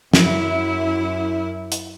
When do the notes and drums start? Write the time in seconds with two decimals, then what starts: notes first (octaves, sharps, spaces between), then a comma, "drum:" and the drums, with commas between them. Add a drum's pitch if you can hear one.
0.14 F#2 E4, drum: snare
1.72 drum: hi-hat